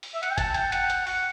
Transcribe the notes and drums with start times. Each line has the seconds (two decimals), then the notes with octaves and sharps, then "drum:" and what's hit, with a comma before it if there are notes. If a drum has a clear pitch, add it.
0.03 drum: open hi-hat
0.14 E5
0.23 F#5, drum: hi-hat
0.30 G5
0.38 A5, drum: kick G1, hi-hat
0.54 G5, drum: hi-hat
0.72 F#5, drum: hi-hat
0.90 drum: hi-hat
1.07 F#5, drum: open hi-hat